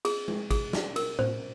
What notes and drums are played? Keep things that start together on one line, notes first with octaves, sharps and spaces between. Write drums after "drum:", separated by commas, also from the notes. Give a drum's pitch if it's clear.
G#4, drum: cymbal
drum: tom G#3
G#4, drum: kick, cymbal
drum: snare
A#4, drum: cymbal
C5, drum: tom A2